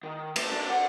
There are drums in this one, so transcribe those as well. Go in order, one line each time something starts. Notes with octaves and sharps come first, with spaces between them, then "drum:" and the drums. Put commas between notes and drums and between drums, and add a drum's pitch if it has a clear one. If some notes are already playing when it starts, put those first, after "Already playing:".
D#3
A3, drum: cymbal
D4
F#5